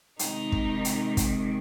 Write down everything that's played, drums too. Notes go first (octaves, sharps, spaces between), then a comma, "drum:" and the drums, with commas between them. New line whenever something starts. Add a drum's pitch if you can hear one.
C3 D#3 G#3 D#4, drum: hi-hat
drum: kick
drum: hi-hat
drum: kick, hi-hat